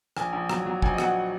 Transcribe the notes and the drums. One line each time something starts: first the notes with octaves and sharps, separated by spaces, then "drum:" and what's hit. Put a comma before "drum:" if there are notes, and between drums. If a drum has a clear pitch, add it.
A#1 G#5, drum: rim click
A#1
F#3 A#5, drum: rim click
F#3
A#1 G#5, drum: kick
D#5
F#3 F#5, drum: rim click